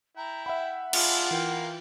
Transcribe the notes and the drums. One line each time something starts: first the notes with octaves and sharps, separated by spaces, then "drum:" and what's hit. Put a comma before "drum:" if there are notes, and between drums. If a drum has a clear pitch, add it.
E4 G5 A#5
E5 F#5 B5
G#3 D4 F4 G#4, drum: cymbal
E3 A#3 A#4 F5 G5